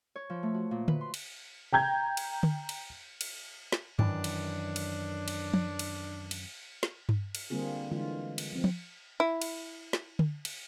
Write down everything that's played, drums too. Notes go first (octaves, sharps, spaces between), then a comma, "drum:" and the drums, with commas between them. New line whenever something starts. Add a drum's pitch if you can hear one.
C#5
F3
A3
F#4
A#2
B4, drum: tom D3
C6
drum: cymbal
G5 A#5 G6 G#6
drum: cymbal
drum: tom D3
drum: cymbal
drum: cymbal
drum: snare
F#2 D#3 E3 D4, drum: tom G2
drum: cymbal
drum: cymbal
drum: cymbal
drum: tom
drum: cymbal
drum: cymbal
drum: snare
drum: tom G2
drum: cymbal
D3 G3 A#3 C4 F4 G#4
D3 E3 G#3 F4
drum: cymbal
F3 C4
drum: tom
E4
drum: cymbal
drum: snare
drum: tom D3
drum: cymbal